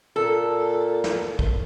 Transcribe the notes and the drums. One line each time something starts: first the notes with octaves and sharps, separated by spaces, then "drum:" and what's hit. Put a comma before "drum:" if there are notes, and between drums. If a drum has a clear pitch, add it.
A#2 A4
drum: snare
drum: kick